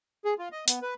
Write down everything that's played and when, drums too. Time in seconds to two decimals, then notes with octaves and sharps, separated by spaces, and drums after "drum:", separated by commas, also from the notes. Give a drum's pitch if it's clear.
0.25 G#4
0.39 F4
0.52 D#5
0.68 B3, drum: hi-hat
0.82 B4